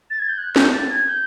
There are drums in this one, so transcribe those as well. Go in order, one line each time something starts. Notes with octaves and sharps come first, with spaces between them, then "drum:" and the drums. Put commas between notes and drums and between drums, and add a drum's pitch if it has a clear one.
A6
G#6
G6
F#6
G6, drum: snare
A6
G#6
G6